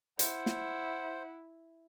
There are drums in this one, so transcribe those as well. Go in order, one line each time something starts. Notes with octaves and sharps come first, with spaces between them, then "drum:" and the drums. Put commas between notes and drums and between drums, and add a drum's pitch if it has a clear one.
E4 C5 F#5, drum: hi-hat
drum: snare